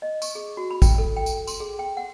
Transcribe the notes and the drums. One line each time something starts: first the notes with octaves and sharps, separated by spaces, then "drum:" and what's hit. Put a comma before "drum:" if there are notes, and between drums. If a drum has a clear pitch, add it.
D#5
C#6, drum: tambourine
G#4
F#4
B5
G5, drum: kick, tambourine
A4
G5
drum: tambourine
C6, drum: tambourine
G#4
G5
F#5